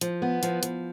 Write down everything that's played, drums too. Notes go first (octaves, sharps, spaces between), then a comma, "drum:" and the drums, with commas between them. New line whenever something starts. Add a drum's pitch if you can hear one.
F3, drum: hi-hat
B3
F3, drum: hi-hat
F3, drum: hi-hat